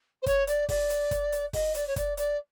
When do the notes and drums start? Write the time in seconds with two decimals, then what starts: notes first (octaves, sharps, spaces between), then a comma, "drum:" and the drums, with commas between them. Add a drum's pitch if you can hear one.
0.22 C5
0.26 C#5, drum: kick, hi-hat
0.47 D5, drum: hi-hat
0.69 D5, drum: kick, open hi-hat
0.90 drum: hi-hat
1.11 drum: kick, hi-hat
1.32 drum: hi-hat
1.53 D#5, drum: kick, open hi-hat
1.75 D5, drum: hi-hat
1.87 C#5
1.96 D5, drum: kick, hi-hat
2.17 D5, drum: hi-hat